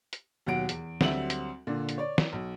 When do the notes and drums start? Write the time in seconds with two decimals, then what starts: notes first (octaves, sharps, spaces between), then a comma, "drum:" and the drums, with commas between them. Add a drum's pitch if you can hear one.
0.13 drum: hi-hat
0.46 D#2 B2 F#3 F#5 D7
0.69 E2, drum: hi-hat
1.01 D2 F#3 G3 C4 E5 F#7, drum: snare
1.30 drum: hi-hat
1.67 A#2 D3
1.89 drum: hi-hat
1.98 C#5 D5
2.18 drum: snare
2.33 B1